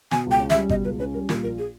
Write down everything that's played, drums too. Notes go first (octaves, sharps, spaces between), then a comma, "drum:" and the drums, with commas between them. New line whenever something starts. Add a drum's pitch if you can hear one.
B2 G#5, drum: snare
C#2 G5
C#4
E5, drum: snare
G3
B2 D#5, drum: kick G#1
C#2 B4
C#4 B4
G3 A#4
A#2 A#4, drum: snare
A#1 A#4
G#4